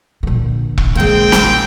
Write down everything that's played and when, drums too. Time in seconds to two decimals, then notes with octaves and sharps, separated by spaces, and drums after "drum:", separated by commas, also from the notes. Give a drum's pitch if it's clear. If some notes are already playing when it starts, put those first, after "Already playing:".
0.23 A#1 D3
0.78 drum: kick E1
0.95 G#3 A#3 C4 G5
1.32 drum: snare